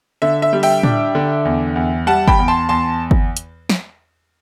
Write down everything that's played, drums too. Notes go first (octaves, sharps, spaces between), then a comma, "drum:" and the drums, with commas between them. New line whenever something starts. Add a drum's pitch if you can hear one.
D3 E5
E5
G3
E5 G5, drum: open hi-hat
D4, drum: tom A2
D3
E2
E2
G3 F#5 A5
G5 B5, drum: kick G1
E2
A5 C6
E2 A5 C6
drum: kick G1
drum: hi-hat
drum: snare